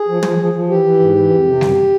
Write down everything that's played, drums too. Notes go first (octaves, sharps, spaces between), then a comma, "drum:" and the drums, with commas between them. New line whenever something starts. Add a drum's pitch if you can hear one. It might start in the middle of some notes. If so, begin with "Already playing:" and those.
Already playing: G#4
F3
F3, drum: tom
F3
F3
E3 G4
E3
G#2
E3
F2
C3
F#2, drum: snare G3